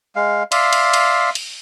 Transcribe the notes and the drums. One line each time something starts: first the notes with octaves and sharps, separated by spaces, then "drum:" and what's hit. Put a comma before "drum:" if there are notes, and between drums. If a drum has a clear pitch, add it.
G#3 F5
D5 E5 F5 C6, drum: cymbal
drum: cymbal
drum: cymbal
drum: cymbal